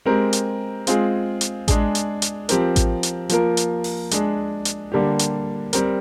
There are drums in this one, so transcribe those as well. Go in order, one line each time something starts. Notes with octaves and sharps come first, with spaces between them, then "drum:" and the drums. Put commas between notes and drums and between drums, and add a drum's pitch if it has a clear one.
G#3 C4 G4 A#4
drum: hi-hat
G#3 C4 F4 G#4, drum: hi-hat
drum: hi-hat
G#3 D4 G#4, drum: kick A1, hi-hat
drum: hi-hat
drum: hi-hat
F3 C4 G4 A#4, drum: hi-hat
drum: kick A1, hi-hat
drum: hi-hat
F3 A#3 F4 A#4, drum: hi-hat
drum: hi-hat
drum: open hi-hat
G#3 D4 G#4, drum: hi-hat
drum: hi-hat
D3 G3 A#3 D4 G4
drum: hi-hat
G3 C4 G4 A#4, drum: hi-hat